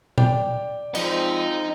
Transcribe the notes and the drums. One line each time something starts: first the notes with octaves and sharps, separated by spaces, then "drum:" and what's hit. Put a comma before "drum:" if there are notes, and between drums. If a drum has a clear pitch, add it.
D5 G5, drum: tom A#2
F3 G#3 C4 D#4, drum: cymbal